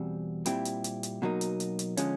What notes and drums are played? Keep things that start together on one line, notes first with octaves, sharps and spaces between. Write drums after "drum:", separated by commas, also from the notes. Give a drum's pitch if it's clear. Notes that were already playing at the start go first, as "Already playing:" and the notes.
Already playing: E2 B2 G3 C4
A#2 G3 C4 E4 G4, drum: hi-hat
drum: hi-hat
drum: hi-hat
drum: hi-hat
B2 F#3 A#3 D#4
drum: hi-hat
drum: hi-hat
drum: hi-hat
D3 F3 G#3 C#4, drum: hi-hat